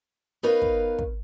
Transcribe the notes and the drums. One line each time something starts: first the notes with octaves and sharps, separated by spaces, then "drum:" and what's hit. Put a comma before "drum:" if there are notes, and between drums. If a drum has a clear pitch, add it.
B3 D#4 A#4 B4 C#5 F5
drum: kick
drum: kick